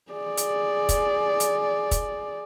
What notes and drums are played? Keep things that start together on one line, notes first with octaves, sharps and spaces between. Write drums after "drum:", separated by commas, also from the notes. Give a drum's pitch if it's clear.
G#4 D5
drum: hi-hat
drum: kick, hi-hat
drum: hi-hat
drum: kick, hi-hat